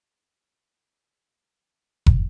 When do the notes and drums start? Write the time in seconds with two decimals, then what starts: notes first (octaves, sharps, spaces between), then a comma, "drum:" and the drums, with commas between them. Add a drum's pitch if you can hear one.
0.94 G#4 G#5 D#6 G6
2.06 drum: kick